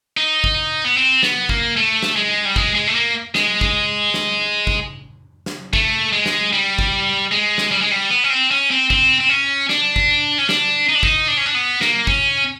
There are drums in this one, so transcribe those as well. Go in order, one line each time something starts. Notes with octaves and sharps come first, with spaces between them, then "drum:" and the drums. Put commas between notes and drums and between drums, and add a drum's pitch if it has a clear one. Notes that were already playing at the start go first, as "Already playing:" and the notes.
D#4
drum: kick
B3
C4
B3, drum: snare
A#3, drum: kick
A3
drum: snare
G#3
G3
G#3, drum: kick
G#3
A3
A#3
G#3, drum: snare
drum: kick
drum: snare
drum: kick
drum: snare
A3, drum: kick
G#3
drum: snare
G3
drum: kick
G#3
drum: snare
G3
G#3
G3
B3
C#4
C4
C#4
C4
C4, drum: kick
C4
C#4
D4, drum: snare
drum: kick
C#4
D4, drum: snare
D#4
D4
D#4, drum: kick
D4
C#4
D4
B3
A#3, drum: snare
C#4, drum: kick